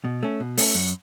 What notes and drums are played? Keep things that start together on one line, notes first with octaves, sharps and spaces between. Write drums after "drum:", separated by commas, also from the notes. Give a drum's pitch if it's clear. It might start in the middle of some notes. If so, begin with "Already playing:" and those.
B2
A3 C#4
B2
A3 C#4, drum: open hi-hat
F#2